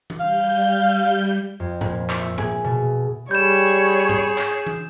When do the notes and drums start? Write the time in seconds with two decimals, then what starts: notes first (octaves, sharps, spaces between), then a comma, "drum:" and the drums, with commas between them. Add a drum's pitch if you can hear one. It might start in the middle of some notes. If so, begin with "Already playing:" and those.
0.10 drum: tom E3
0.20 G3 F5 G6
1.60 F2
1.81 A#2, drum: tom G#2
2.10 drum: clap
2.19 E5
2.38 G#4, drum: tom G#2
2.64 B2
3.31 G3 G#4 C#5 B5 G6 E7
4.09 drum: tom G#2
4.38 drum: clap
4.66 drum: tom E3